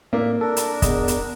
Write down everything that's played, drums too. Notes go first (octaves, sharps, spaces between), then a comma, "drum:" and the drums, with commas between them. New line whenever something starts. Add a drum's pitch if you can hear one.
A2 A#3 D5 E5
D4 A4 A#4
drum: hi-hat
E2 D#5, drum: kick, hi-hat
drum: hi-hat